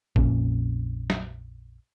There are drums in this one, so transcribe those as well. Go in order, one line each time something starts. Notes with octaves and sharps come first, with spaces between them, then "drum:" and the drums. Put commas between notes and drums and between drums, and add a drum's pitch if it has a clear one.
A#1 F2 A#2 C#4, drum: kick G#1
drum: snare